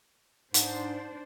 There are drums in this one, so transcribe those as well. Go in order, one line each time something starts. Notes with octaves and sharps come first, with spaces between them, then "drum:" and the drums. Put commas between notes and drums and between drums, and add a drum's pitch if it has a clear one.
G#2 D4 C5, drum: hi-hat